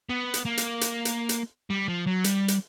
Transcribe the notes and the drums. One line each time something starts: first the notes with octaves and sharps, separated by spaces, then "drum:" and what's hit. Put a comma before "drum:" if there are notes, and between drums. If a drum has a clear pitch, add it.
B3
drum: hi-hat
A#3
drum: hi-hat
drum: hi-hat
drum: hi-hat
drum: hi-hat
G3
F3
F#3
G3, drum: hi-hat
drum: hi-hat